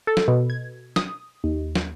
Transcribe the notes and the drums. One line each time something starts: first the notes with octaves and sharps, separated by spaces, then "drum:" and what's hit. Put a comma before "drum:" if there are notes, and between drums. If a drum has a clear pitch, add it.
A4
drum: snare
B2
G#6
D#6, drum: snare
D#2
drum: snare